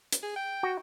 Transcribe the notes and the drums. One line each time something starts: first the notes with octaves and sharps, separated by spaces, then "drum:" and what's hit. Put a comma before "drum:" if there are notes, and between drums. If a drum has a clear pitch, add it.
drum: hi-hat
G#4
G5
F#4